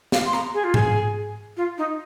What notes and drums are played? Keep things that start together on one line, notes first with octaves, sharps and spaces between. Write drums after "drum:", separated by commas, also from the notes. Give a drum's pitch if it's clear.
F5, drum: snare
C6
A#5, drum: rim click
G#4
F4
G#4, drum: tom G#2
F4
D#4